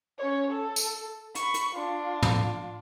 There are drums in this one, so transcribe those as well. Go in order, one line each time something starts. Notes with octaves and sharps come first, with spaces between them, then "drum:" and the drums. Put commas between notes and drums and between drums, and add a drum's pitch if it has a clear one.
C#4 C#5
A4
drum: tambourine
B5 C#6, drum: hi-hat
drum: hi-hat
D4 F4
drum: tom